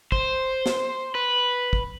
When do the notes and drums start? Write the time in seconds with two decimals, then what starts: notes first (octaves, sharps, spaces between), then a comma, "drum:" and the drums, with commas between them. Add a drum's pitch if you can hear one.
0.12 C5, drum: kick
0.66 drum: snare
1.15 B4
1.73 drum: kick